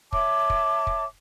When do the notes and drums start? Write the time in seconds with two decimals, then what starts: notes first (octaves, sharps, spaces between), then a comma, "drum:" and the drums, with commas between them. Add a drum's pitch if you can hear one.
0.13 C#5 E5 A5 D6, drum: kick
0.50 drum: kick
0.87 drum: kick